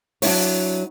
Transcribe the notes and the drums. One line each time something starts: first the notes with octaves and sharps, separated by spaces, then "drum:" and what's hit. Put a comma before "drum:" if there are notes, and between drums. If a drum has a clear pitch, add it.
F#3 D4 E4 C#5, drum: open hi-hat